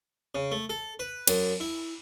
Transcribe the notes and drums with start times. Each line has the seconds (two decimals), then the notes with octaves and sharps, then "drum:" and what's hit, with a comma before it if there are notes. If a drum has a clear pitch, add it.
0.35 C#3
0.52 A3
0.70 A4
0.99 B4
1.27 F#2, drum: cymbal
1.60 E4